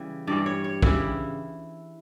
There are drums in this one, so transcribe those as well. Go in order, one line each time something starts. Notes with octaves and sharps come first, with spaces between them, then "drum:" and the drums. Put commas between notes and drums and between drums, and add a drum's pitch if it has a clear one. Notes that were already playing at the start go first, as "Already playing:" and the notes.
Already playing: C#3 E3 G3
G2 E3 G3 D5
C#5
C#5
C#3 E3 G3 E4, drum: kick